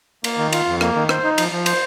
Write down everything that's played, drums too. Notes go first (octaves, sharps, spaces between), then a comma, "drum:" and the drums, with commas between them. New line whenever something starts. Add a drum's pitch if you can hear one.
A#3, drum: cymbal
D#3
F4, drum: cymbal
F2
A#3, drum: rim click
D#3
C5, drum: rim click
D#4
F3, drum: cymbal
F3
C5, drum: cymbal